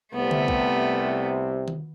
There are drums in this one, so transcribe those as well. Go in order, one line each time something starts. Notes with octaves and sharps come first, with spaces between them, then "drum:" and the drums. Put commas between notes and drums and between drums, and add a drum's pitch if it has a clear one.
C2 C3 A3 B3
drum: tom D3
drum: kick B1
drum: tom D#3